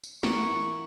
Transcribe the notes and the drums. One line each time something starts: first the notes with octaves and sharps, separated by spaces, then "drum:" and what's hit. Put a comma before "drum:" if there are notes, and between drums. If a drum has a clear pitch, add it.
drum: tambourine
E3 A#3 E4 F#5 C#6, drum: snare